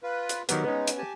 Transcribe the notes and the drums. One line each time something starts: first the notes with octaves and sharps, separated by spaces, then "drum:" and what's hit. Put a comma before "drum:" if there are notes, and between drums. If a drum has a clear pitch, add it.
F4 B4
drum: hi-hat
D#3 F#3 B3 G4 A#4, drum: hi-hat
G#3 B3 C#4 D#4
drum: hi-hat
G4 G#5 A5